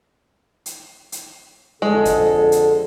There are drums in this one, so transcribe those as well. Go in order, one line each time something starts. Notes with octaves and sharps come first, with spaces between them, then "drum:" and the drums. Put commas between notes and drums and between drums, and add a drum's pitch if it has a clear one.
drum: hi-hat
drum: hi-hat
F2 D3 G#3 A4
drum: kick, hi-hat
drum: hi-hat